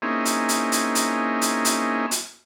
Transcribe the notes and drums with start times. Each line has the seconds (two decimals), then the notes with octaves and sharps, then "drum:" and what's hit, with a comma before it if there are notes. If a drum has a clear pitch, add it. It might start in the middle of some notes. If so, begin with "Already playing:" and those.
0.02 A#3 C4 C#4 D#4 E4 G#4
0.25 drum: hi-hat
0.49 drum: hi-hat
0.72 drum: hi-hat
0.95 drum: hi-hat
1.41 drum: hi-hat
1.65 drum: hi-hat
2.11 drum: hi-hat